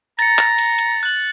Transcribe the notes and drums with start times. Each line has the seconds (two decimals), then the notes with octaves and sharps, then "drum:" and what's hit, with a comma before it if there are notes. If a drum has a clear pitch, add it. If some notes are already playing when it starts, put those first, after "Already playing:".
0.19 A#5 A6 C#7, drum: cymbal
0.39 drum: clap
0.59 drum: cymbal
0.78 drum: cymbal
1.03 F#6 F#7